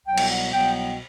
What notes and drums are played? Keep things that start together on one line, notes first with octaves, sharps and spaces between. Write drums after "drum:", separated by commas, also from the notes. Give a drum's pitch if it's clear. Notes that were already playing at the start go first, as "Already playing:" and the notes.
C2 B2 F#3 B3 G5
drum: cymbal
F#5
C2 B2 F#3 B3 G5
G5